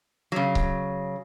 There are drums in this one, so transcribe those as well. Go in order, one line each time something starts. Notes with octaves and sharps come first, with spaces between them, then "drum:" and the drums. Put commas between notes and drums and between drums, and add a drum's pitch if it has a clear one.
C#3 F#3
drum: kick C#1